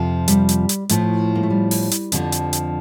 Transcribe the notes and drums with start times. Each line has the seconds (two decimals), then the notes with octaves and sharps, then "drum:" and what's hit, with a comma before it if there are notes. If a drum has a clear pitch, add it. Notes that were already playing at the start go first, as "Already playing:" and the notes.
Already playing: F2 C3 F3
0.28 G3, drum: hi-hat
0.49 drum: hi-hat
0.69 drum: hi-hat
0.89 A2 F3 A3, drum: hi-hat
1.35 A#3
1.43 A3
1.50 G3
1.71 drum: open hi-hat
1.91 drum: hi-hat
2.12 F2 D3 F3, drum: hi-hat
2.32 drum: hi-hat
2.53 drum: hi-hat